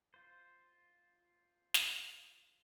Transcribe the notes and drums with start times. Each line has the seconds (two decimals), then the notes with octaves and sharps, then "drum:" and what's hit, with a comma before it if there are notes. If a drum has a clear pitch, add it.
0.14 F4 C5
1.74 drum: snare